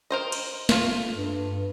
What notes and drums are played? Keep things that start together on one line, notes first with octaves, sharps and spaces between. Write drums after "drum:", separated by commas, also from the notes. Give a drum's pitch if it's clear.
A#4 C5 D#5
drum: cymbal
A3 F4, drum: snare
G2